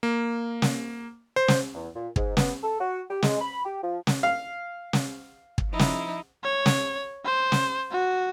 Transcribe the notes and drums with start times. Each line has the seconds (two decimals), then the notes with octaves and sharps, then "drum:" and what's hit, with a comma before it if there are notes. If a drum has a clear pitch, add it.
0.03 A#3
0.62 drum: snare
1.36 C5
1.48 drum: snare
1.74 E2
1.95 A#2
2.16 G#2, drum: kick
2.37 B3, drum: snare
2.63 A4
2.79 F#4
3.10 G4
3.22 G#3, drum: snare
3.40 B5
3.64 G4
3.82 F3
4.07 drum: snare
4.23 F5
4.93 drum: snare
5.58 drum: kick
5.70 F3 D#4 E4
5.79 drum: snare
6.44 C#5
6.66 drum: snare
7.25 C5
7.52 drum: snare
7.91 F#4